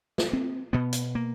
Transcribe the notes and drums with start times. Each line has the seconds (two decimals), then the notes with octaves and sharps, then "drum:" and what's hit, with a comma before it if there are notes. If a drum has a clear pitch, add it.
0.18 drum: snare
0.33 C4
0.73 B2 B3
0.93 drum: hi-hat
1.15 A#3